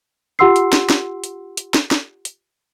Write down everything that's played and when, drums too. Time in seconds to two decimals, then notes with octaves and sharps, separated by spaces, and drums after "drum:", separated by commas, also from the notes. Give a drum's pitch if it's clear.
0.39 F4 G4 F#5 C6 E6 C7
0.56 drum: hi-hat
0.73 drum: snare
0.90 drum: snare
1.24 drum: hi-hat
1.57 drum: hi-hat
1.74 drum: snare
1.91 drum: snare
2.25 drum: hi-hat